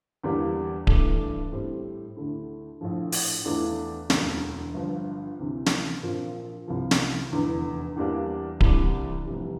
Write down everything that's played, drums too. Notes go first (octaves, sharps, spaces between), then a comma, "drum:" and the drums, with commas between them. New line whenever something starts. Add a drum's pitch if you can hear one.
E2 D3 G3 A#3 D4
G2 E3 A3 D4, drum: kick D1
A2 G3 C4
D2 D3 A3 E4
A#1 A2 F3
drum: open hi-hat
E2 E3 A3 D4 F4
E1 D2 D3, drum: snare
G1 G2 F3
D2 C3 E3
drum: snare
A#1 A#2 F3 C4 F4
C2 C3 F3
drum: snare
F1 E2 D3
E2 E3 G3 A#3 D4
C2 C3 E3 G3 D4, drum: kick D1
F1 F2 E3 G3